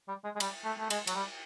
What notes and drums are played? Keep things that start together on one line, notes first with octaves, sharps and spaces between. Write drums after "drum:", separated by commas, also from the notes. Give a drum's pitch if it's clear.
G3
G#3
G#3
G3, drum: cymbal
A3
A3
G#3, drum: cymbal
F#3, drum: cymbal
G3